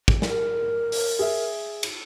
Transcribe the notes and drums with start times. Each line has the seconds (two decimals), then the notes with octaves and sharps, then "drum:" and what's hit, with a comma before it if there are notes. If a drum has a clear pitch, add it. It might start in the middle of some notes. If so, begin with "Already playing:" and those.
0.08 drum: kick
0.22 A#4, drum: snare
0.92 drum: open hi-hat
1.19 G#4 E5
1.83 drum: cymbal